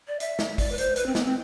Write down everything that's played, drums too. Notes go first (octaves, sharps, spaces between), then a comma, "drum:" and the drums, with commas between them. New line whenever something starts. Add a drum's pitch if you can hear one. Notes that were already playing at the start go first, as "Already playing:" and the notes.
D5
E5, drum: hi-hat
drum: snare
D5, drum: kick, open hi-hat
B4
C5, drum: hi-hat
B4, drum: hi-hat
C4
B3, drum: snare
C4